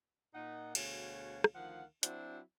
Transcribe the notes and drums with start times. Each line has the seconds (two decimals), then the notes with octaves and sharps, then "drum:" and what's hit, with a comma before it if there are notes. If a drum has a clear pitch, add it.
0.34 A#2 D#4 F#5
0.75 D2 B2 F#4 G#4 C#5 F5, drum: cymbal
1.44 drum: rim click
1.55 D2 D#3 F3 F5 F#5
2.03 F#3 C4 D4 E4 F#4 C5, drum: hi-hat